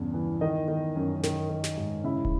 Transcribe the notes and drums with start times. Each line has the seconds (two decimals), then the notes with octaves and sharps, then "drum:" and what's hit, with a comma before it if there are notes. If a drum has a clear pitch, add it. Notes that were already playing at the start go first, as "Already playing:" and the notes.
Already playing: E2 G2 C#3
0.14 E3
0.41 D#3 D#4 D#5
0.68 D#3
0.96 F#2
1.23 D#3, drum: snare
1.50 D#3
1.64 drum: snare
1.77 G#2
2.04 C#3 E4 E5
2.25 drum: kick